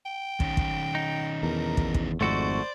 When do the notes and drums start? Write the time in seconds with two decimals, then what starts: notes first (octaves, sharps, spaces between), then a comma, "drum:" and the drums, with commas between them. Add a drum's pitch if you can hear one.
0.06 G5
0.40 D#3 C#4, drum: kick
0.57 drum: kick
0.95 D#4
1.43 E2 A#4
1.77 drum: kick
1.94 drum: kick
2.21 G#1 F2 G#2 A3 F#4 A4 C5 D5